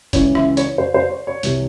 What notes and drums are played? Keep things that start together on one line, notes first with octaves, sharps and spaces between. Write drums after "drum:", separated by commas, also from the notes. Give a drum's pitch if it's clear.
C#2 C#3 E3 C#5, drum: kick, hi-hat
E5, drum: rim click
C#5, drum: hi-hat
C5
C5
C#5
C#5
C2 C3 E3, drum: hi-hat